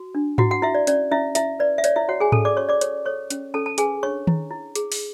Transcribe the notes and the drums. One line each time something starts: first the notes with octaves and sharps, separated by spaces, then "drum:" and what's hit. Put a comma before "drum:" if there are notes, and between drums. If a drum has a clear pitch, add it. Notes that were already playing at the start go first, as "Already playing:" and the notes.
Already playing: F#4
D4
E4 F#4 F#5, drum: tom G#2
F#4 F#5
E4 E5
D5
C#4 D5, drum: hi-hat
C#4 E4 E5
E4 E5, drum: hi-hat
B4 D5
E5
C#5 D5, drum: hi-hat
E4 E5
F#4 C#5 F#5
G#4 G#5
C#4 A4 A5, drum: tom G#2
D5 D6
F#4 C#5 C#6
D5 D6
A4 C#5 C#6, drum: hi-hat
A4 C#5 C#6
C#4, drum: hi-hat
C#4 A4 A5
A5
G#4 B4 G#5, drum: hi-hat
D4 C#5 C#6
E4, drum: tom D#3
E4
G#4, drum: hi-hat
drum: open hi-hat